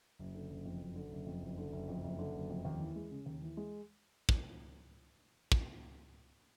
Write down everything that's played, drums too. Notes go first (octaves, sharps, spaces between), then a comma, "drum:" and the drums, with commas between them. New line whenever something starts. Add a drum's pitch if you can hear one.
F#1
D3
F#1
F2
F#1
D3
F#1
F2
F#1
D3
F#1
F2
F#1
D3
F#1
F2
D#2
E3
G#3
C#3
D#2
E3
G#3
drum: kick
drum: kick